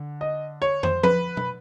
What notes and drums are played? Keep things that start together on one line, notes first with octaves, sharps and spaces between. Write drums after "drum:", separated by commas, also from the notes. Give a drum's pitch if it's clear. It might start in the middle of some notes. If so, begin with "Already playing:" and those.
Already playing: D3
D#5
C#5
C5, drum: tom
B4, drum: tom F3
drum: tom